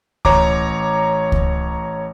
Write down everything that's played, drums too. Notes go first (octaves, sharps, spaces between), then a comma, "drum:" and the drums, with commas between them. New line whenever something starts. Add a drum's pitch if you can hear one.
A1 C#5 A#5 D6, drum: kick C#2
drum: kick C#2